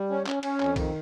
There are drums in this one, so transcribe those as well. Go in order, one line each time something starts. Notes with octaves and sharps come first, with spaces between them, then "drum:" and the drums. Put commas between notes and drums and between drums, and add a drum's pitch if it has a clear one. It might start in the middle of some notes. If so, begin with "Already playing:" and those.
Already playing: G3
C#4
C#4, drum: clap
C#4, drum: cymbal
F2, drum: clap
D#3, drum: kick B1, cymbal